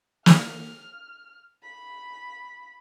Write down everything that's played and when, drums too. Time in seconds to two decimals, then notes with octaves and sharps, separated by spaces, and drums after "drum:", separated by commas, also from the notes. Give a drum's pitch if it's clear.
0.26 F6, drum: snare
1.63 B5